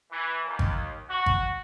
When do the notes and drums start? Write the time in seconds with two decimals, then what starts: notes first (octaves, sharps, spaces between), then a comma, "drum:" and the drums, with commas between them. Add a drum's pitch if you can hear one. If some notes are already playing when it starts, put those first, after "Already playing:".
0.12 E3
0.45 D#2
0.59 drum: kick G#1
1.10 F#4
1.26 drum: kick G#1